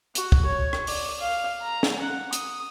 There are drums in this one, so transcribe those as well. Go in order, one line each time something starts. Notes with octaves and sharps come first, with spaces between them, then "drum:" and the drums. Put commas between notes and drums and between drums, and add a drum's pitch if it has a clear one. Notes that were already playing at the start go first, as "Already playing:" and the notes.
F#4, drum: hi-hat
drum: kick
C#5
drum: rim click
D5, drum: open hi-hat
F5
A#5
drum: snare
F#5
D#6, drum: hi-hat